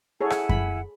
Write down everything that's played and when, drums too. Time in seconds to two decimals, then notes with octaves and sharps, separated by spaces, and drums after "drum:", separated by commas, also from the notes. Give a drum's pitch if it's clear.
0.21 E4 G#4 A4 C#5 F#5 G#5
0.30 drum: rim click
0.49 B5, drum: kick F#2